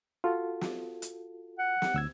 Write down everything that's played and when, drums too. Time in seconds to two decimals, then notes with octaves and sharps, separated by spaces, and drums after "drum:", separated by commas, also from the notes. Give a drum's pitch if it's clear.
0.24 F4 F#4 A4
0.61 drum: snare
1.02 drum: hi-hat
1.59 F#5
1.82 drum: snare
1.94 D2 E6 G#6